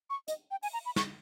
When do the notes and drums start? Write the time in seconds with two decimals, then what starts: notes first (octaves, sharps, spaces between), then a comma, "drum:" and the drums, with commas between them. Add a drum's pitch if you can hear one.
0.10 C#6
0.28 D#5, drum: hi-hat
0.51 G5
0.63 G#5, drum: open hi-hat
0.73 A#5
0.86 B5
0.96 C#6, drum: snare